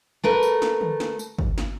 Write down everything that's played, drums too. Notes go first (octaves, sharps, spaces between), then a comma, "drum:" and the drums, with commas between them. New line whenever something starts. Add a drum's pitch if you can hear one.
A3 A#4 B4
drum: tambourine
drum: snare
drum: tom D3
drum: snare
drum: tambourine
drum: kick
drum: snare